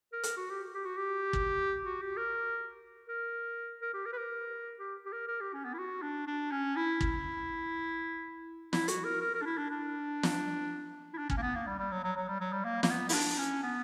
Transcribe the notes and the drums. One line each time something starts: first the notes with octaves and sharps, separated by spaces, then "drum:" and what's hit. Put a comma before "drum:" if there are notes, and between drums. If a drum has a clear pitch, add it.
A#4
drum: hi-hat
F#4
G4
G4
F#4
G4
drum: kick
F#4
G4
A#4
A#4
A#4
G4
A#4
B4
A#4
G4
G4
A#4
A#4
G4
C#4
B3
E4
F#4
D4
D4
C#4
E4
drum: kick
E4, drum: snare
F#4, drum: hi-hat
A#4
A#4
A#4
D4
E4
D4
D4
drum: snare
E4
D4
C#4, drum: kick
A#3
B3
A#3
G3
G3
F#3
F#3
F#3
G3
F#3
G3
A#3
A#3, drum: snare
B3
E4, drum: open hi-hat
D4
C#4
B3